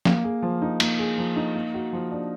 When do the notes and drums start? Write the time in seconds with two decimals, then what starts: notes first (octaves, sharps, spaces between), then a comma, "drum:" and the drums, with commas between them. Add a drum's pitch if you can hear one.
0.05 A#3, drum: snare
0.24 G#4
0.43 F3
0.62 D#4
0.80 A#3, drum: cymbal
0.99 G#4
1.18 F3
1.36 D#4
1.56 A#3
1.74 F#4
1.93 F3
2.12 D4